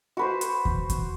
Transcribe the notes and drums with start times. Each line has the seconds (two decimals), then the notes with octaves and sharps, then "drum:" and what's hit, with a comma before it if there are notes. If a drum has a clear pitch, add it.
0.17 F#4 B4 C5
0.41 drum: hi-hat
0.65 drum: kick D#2
0.90 drum: kick D#2, hi-hat